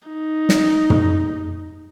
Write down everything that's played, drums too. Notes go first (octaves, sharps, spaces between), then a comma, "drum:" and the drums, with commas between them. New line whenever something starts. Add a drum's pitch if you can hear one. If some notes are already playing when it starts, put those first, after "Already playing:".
D#4
drum: snare
drum: tom